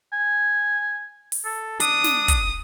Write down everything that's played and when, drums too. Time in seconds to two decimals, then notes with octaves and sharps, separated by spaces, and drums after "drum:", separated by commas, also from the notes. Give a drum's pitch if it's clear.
0.13 G#5
1.32 drum: open hi-hat
1.45 A4
1.80 D4 D#6, drum: hi-hat
2.04 drum: snare
2.28 drum: kick, hi-hat